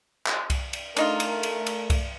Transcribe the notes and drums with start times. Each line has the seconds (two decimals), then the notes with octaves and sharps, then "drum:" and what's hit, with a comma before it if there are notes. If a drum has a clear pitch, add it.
0.27 drum: clap
0.50 drum: kick C2, cymbal
0.73 drum: cymbal
0.97 A3 D4 D#4 F4 A#4, drum: cymbal
1.20 drum: cymbal
1.43 drum: cymbal
1.67 drum: cymbal
1.90 drum: kick C2, cymbal